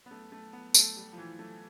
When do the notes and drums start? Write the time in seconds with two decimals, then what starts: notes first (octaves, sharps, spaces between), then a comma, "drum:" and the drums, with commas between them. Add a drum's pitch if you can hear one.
0.06 B3
0.11 A3
0.32 A3
0.53 B3
0.74 A3, drum: tambourine
0.97 G3
1.13 F3
1.18 E3
1.39 A3